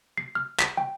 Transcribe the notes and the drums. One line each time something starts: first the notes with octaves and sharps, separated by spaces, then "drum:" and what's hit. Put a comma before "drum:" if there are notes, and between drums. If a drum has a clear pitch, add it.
C7
F6
B6, drum: clap
G5